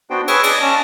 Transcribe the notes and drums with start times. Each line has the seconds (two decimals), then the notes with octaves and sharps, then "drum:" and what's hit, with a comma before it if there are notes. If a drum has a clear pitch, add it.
0.10 B3 D4 F#4 C5 G5
0.28 G#4 B4 C#5 E6, drum: cymbal
0.43 D5, drum: cymbal
0.61 C#4 A5